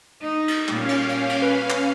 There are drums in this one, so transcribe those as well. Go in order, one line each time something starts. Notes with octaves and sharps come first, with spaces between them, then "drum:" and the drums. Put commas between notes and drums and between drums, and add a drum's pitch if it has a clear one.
D#4
drum: cymbal
A#2 G3 C#4 F5, drum: clap
drum: cymbal
drum: cymbal
drum: cymbal
B4
drum: clap